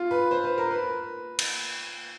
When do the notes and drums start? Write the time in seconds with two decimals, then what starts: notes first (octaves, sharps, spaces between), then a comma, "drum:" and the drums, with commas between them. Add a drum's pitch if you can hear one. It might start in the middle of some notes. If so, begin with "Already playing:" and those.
Already playing: F4
0.11 B4
0.31 C5
0.44 B4
0.58 A#4
0.71 B4
1.39 drum: cymbal